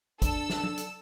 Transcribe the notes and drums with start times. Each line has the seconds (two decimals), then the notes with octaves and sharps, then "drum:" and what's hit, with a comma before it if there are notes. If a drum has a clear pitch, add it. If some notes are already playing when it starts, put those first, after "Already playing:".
0.22 D4 A4 E6, drum: kick, hi-hat
0.50 drum: snare
0.64 drum: tom F#3
0.77 drum: hi-hat